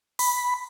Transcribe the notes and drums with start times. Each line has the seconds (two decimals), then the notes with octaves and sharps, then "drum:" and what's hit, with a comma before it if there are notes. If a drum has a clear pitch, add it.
0.19 B5, drum: open hi-hat